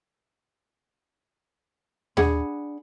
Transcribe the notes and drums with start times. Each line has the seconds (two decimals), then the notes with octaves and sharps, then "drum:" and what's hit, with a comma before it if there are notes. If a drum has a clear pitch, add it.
2.17 D4 G#4 F#5 B5, drum: tom D#2